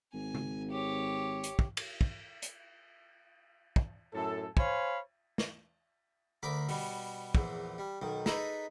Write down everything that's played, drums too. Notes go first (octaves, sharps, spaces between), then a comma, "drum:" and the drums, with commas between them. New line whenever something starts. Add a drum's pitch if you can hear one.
G#1 G#5
drum: tom
G4 C#5
drum: hi-hat
drum: kick
drum: cymbal
drum: kick
drum: hi-hat
drum: kick
F#2 A2 A4
C5 C#5 F5 G#5 B5, drum: kick
drum: snare
D2 A#4 B5 D6
B2 G3, drum: open hi-hat
A#1 E2, drum: kick
G3
B1 D#3
D#4 G#4 A4 B4 A#5, drum: snare